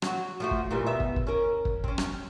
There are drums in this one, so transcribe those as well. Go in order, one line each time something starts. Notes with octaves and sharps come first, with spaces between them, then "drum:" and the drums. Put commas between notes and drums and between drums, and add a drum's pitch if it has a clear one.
F#3 F#4, drum: rim click
F3 A3 F#4
drum: kick
A#2 E3 G3
B2 B3 E5
drum: kick
drum: kick
C#4 A#4
drum: kick
C4 C#4, drum: kick
drum: rim click